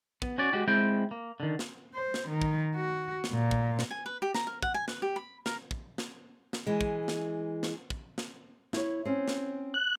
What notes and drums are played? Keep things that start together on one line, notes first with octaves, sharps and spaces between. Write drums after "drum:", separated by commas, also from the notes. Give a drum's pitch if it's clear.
B3, drum: kick
C#4 F#4 C#5 D5
G#3 F#4 G4
G#3 C4 E4 G5
A#3
D3 D#3
drum: snare
C5
drum: snare
D#3
drum: kick
F#4
drum: snare
A#2
drum: kick
drum: snare
G#5
B4
G4
A#5, drum: snare
A#4
F#5, drum: kick
G#5
B4, drum: snare
G4
B5
A#4, drum: snare
drum: kick
drum: snare
drum: snare
E3 G#3
drum: kick
drum: snare
drum: snare
drum: kick
drum: snare
E4 C#5, drum: snare
C4 C#4
drum: snare
F#6